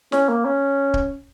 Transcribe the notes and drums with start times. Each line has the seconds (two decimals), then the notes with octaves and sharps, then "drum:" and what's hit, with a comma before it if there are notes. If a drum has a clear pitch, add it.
0.12 C#4, drum: snare
0.29 A#3
0.45 C#4
0.94 drum: kick D1